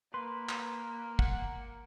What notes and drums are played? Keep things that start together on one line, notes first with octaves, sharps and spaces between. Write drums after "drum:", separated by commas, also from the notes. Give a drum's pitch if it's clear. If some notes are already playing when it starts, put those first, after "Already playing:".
A#3 B4 C6
drum: clap
F#5, drum: kick